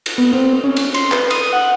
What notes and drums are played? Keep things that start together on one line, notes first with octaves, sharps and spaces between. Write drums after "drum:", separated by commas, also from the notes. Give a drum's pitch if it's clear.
drum: cymbal
B3
C4
C#4
drum: cymbal
C6, drum: cymbal
B4, drum: clap
D#6, drum: cymbal
F#5